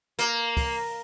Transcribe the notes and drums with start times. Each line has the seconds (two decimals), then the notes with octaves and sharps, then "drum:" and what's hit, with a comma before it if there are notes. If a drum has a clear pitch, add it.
0.19 A#3, drum: hi-hat
0.57 drum: kick, open hi-hat